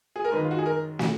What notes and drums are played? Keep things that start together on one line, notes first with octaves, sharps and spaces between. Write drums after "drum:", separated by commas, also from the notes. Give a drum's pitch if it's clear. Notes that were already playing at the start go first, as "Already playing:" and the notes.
G#4
A#4
F#2 D#3 G#3 B4
F4
F#4
G#4
A#4
F#4, drum: snare